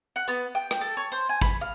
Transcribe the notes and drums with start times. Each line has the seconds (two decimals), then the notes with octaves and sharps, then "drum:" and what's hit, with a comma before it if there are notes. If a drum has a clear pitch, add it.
0.16 F#5
0.28 B3
0.55 G5
0.71 drum: rim click
0.81 A4
0.97 C#5
1.12 C5
1.29 G#5
1.42 B5, drum: kick
1.61 F5